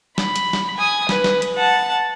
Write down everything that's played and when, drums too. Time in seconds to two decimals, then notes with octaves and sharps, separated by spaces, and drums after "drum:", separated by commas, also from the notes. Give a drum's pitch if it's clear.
0.18 B5, drum: snare
0.36 drum: hi-hat
0.53 drum: snare
0.77 G#5 D#6
1.09 B4, drum: snare
1.24 drum: snare
1.42 drum: hi-hat
1.56 F#5 A5